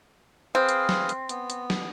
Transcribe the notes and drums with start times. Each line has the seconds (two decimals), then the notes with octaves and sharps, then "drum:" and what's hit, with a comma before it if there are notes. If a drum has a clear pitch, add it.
0.55 C4 G#4 B4 F5
0.69 drum: hi-hat
0.89 drum: snare
1.09 drum: hi-hat
1.29 B3, drum: hi-hat
1.50 drum: hi-hat
1.70 drum: snare